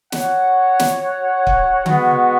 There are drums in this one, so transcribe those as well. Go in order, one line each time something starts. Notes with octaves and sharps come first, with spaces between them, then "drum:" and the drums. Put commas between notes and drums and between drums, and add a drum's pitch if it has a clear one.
F#4 C#5 F#5, drum: snare
drum: snare
drum: kick
G#3 B3 F#4, drum: tom D3